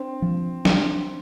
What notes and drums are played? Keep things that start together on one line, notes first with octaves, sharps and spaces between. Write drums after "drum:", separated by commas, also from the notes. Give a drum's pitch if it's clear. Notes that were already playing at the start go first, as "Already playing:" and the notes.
Already playing: C4 D4
F3
D4, drum: snare